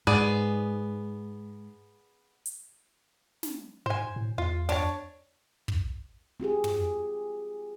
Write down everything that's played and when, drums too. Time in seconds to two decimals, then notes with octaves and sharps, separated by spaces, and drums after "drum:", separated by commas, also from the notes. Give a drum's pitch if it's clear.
0.07 G#2 B3 G#4 D5
2.46 drum: hi-hat
3.43 drum: snare
3.86 G#2 C5 G#5
4.16 A2
4.38 E2 F4
4.69 D4 C#5 A5, drum: tom
5.68 drum: kick
6.40 C4 F4 G4 G#4
6.64 drum: tom